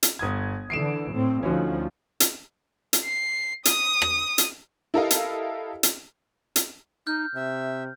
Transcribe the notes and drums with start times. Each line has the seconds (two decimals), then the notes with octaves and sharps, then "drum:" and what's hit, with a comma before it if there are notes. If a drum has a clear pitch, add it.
0.03 drum: hi-hat
0.19 G1 D#6 G#6
0.70 D3 E3 C7 D7 E7
1.12 A2 C4
1.43 D2 F3 C#4 D#4 F#4
2.20 drum: hi-hat
2.93 drum: hi-hat
3.05 C7
3.65 D#6, drum: hi-hat
4.02 drum: rim click
4.38 drum: hi-hat
4.94 E4 G4 A4 A#4 D#5 F5
5.11 drum: hi-hat
5.83 drum: hi-hat
6.56 drum: hi-hat
7.07 D#4 F6 G6
7.35 C3 E5